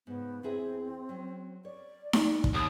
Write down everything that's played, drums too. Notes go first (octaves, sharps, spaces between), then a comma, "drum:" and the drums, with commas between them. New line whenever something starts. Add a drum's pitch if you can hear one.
G#2 C#3 B3
E2 C4 E4 G#4
F#3 C#4
C#5 D5
drum: snare D#4
drum: kick
D#2 D#6